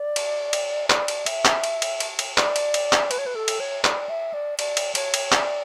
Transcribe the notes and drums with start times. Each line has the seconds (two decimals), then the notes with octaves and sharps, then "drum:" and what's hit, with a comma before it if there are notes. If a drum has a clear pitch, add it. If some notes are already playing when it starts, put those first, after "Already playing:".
Already playing: D5
0.16 drum: cymbal
0.53 drum: cymbal
0.90 D5, drum: clap
1.08 drum: cymbal
1.26 E5, drum: cymbal
1.45 drum: clap
1.64 drum: cymbal
1.82 drum: cymbal
2.00 drum: cymbal
2.19 drum: cymbal
2.38 D5, drum: clap
2.56 drum: cymbal
2.74 drum: cymbal
2.93 drum: clap
3.11 B4, drum: cymbal
3.18 C#5
3.26 B4
3.35 A4
3.48 drum: cymbal
3.60 C#5
3.84 D5, drum: clap
4.09 E5
4.34 D5
4.59 D5, drum: cymbal
4.77 drum: cymbal
4.95 C#5, drum: cymbal
5.14 drum: cymbal
5.32 D5, drum: clap